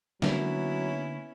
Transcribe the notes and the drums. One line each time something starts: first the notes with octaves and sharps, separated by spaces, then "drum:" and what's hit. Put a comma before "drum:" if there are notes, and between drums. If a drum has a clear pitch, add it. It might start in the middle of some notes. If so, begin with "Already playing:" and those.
D3 F#3 A#3 B3 C#4 D4 E4, drum: snare